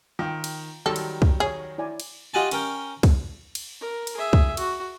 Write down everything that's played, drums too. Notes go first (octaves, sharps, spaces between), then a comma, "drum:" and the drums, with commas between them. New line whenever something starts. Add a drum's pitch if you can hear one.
D#3 F4 G5
drum: cymbal
D#3 F#3 G3 A4 A5 C6
drum: cymbal
drum: kick
G#4 C#5 G#5
E4 D5 G#5
drum: cymbal
F4 G4 D#5 F#5 G#5 A5
C#4 A#4 G5, drum: cymbal
drum: kick, cymbal
drum: cymbal
A#4
drum: cymbal
G#4 E5
drum: kick
F#4, drum: cymbal